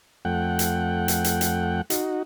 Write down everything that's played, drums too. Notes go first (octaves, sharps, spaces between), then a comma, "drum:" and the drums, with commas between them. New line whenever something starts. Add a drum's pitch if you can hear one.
F2 A3 F#5 G5
drum: hi-hat
drum: hi-hat
drum: hi-hat
drum: hi-hat
D#4 F#4, drum: hi-hat